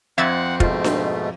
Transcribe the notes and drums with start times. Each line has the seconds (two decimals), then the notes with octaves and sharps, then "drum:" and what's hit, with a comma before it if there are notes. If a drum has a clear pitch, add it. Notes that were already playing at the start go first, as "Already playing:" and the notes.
0.18 F2 C4 E5 F#5 G#6 A6
0.60 G#2 B2 A3 F4, drum: kick
0.84 drum: snare D4